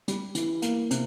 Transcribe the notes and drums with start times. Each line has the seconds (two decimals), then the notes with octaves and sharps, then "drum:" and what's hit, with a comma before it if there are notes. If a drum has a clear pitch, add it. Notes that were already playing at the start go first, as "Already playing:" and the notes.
0.08 G3, drum: hi-hat
0.35 E3, drum: hi-hat
0.62 A#3, drum: hi-hat
0.91 C3, drum: hi-hat